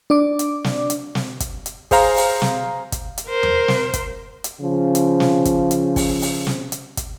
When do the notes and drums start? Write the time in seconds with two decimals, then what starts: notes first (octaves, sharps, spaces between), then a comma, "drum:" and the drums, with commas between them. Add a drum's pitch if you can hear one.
0.10 D4 D5 D6
0.39 drum: hi-hat
0.64 drum: snare
0.90 drum: hi-hat
1.15 drum: snare
1.40 drum: kick, hi-hat
1.66 drum: hi-hat
1.91 G#4 C5 F5 A#5, drum: kick, open hi-hat
2.16 drum: open hi-hat
2.42 drum: snare
2.92 drum: kick, hi-hat
3.18 drum: hi-hat
3.27 A#4 C5
3.43 drum: tom E2
3.68 drum: snare
3.94 drum: kick, hi-hat
4.44 drum: hi-hat
4.62 C#3 F3
4.95 drum: hi-hat
5.20 drum: snare
5.45 drum: kick, hi-hat
5.71 drum: hi-hat
5.96 drum: kick, open hi-hat
6.21 drum: open hi-hat
6.47 drum: snare
6.72 drum: hi-hat
6.97 drum: kick, hi-hat